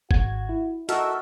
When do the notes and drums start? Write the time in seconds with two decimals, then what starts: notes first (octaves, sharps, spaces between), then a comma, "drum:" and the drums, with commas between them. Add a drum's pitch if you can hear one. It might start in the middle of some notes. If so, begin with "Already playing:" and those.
0.11 G#1 F#4 G#6, drum: kick
0.49 E4
0.89 D#4 F#4 A4 A#4 E5, drum: hi-hat